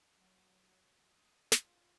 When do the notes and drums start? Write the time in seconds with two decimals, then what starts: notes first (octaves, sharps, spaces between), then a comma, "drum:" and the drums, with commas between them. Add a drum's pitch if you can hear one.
0.15 F#3
1.05 D#6
1.52 F4, drum: snare